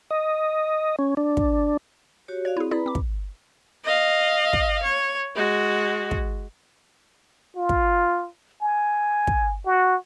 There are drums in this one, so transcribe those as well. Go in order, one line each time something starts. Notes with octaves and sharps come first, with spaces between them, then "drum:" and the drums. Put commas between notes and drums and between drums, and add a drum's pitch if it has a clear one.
D#5
C#4
D4
drum: kick
F#4 G4 C#5
F#4 C#5 D5 F5
C4 E4 G#4
E4 G#4 B4 D5 A#5 B5
C4 D6
drum: kick
D#5 F5
drum: kick
C#5
G#3 F#4
drum: kick
F4
drum: kick
G#5
drum: kick
F#4